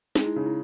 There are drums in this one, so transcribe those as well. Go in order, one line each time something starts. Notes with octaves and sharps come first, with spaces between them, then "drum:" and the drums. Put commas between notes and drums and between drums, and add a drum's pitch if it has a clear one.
G#3 D#4, drum: snare
E4
C#3 D#4
E4